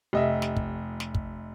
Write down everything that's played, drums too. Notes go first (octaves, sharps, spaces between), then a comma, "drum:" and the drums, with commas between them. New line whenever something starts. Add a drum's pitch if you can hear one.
F1 D#5 E5
drum: snare
drum: kick
drum: snare
drum: kick